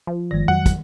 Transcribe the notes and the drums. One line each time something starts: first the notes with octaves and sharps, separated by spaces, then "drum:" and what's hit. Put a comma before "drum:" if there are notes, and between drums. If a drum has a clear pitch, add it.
F3
G1 D#3 G#3 A#6
F2 F#3 F#5
drum: kick, hi-hat